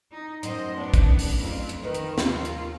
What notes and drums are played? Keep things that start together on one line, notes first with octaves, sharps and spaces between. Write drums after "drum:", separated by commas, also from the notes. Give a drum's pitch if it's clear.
D#4
F#2 A2 D#4 C5 D#5, drum: hi-hat
B3 D4
drum: kick, hi-hat
drum: open hi-hat
F2
drum: hi-hat
D#3 B4 D#5
drum: hi-hat
D#2 F4, drum: snare
drum: hi-hat